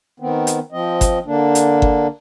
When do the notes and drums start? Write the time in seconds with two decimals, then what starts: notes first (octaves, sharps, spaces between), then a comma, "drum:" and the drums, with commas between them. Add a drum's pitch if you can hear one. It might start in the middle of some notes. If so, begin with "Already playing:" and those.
0.20 D#3 B3 C4
0.47 drum: hi-hat
0.72 F3 C4 D#5
1.01 drum: kick G1, hi-hat
1.26 D3 A#3 D4
1.55 drum: hi-hat
1.82 drum: kick G1